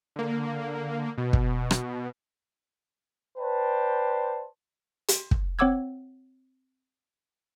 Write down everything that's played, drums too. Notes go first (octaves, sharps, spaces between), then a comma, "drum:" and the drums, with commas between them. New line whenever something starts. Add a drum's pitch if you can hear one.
D3 A#3
B2
drum: kick
drum: rim click
B4 C5 D5 G5 A5
drum: hi-hat
drum: kick
C4 C#5 F#5 D6 E6 G#6